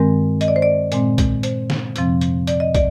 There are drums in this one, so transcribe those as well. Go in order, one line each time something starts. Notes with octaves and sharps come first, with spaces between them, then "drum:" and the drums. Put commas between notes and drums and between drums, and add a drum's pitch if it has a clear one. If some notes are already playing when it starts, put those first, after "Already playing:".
Already playing: G2 D#3 G#3 C4 A#4
D#5, drum: hi-hat
D5
C5
D5
A#2 G#3 C4, drum: hi-hat
drum: kick, hi-hat
C5, drum: hi-hat
drum: snare
F2 C3 F3 C4, drum: hi-hat
drum: hi-hat
D5, drum: hi-hat
D#5
D5, drum: kick, hi-hat